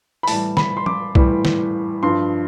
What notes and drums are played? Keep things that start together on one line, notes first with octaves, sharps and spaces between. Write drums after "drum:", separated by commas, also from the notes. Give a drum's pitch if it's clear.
B5
A2 E3 G3 A5, drum: open hi-hat
B5, drum: snare
C6
D6, drum: tom
A2 E3 G3, drum: kick C2
drum: snare
G2 F3 C6